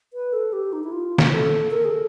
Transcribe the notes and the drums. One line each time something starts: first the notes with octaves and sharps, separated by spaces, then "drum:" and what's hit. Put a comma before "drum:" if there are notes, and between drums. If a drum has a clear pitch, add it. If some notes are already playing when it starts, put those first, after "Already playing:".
B4
A4
G4
D#4
E4
F4
drum: snare
A4
A#4
G#4
A4